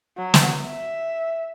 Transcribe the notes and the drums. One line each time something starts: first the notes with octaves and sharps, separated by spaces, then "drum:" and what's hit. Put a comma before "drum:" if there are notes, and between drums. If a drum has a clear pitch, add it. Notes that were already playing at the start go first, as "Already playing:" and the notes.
F#3
drum: snare
E5